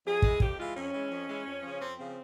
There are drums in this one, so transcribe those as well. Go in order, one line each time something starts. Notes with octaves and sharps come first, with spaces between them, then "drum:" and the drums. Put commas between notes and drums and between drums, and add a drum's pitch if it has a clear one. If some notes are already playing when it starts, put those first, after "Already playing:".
F2 G#4
E3 G#3, drum: kick
F2 G4, drum: kick
E3 G#3 F4
F2 C#4
E3 G#3
F2
E3 G#3
F2
C#3 F3
F2 C4
C#3 F3 C4